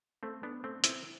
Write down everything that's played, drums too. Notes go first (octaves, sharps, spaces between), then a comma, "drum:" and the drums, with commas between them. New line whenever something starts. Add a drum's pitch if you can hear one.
A3 C4
B3 D4
A3 C4
C4 E4, drum: hi-hat